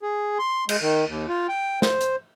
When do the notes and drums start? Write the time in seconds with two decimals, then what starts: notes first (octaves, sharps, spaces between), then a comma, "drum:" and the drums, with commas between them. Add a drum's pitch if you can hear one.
0.02 G#4
0.39 C6
0.69 G#3, drum: cymbal
0.81 D#3
1.07 D#2
1.28 F4
1.49 G5
1.82 C5, drum: snare
2.01 drum: hi-hat